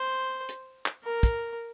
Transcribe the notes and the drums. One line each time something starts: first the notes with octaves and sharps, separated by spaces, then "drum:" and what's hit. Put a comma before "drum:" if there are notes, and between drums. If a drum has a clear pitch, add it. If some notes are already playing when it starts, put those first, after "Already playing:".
Already playing: C5
drum: hi-hat
drum: clap
A#4
drum: kick, hi-hat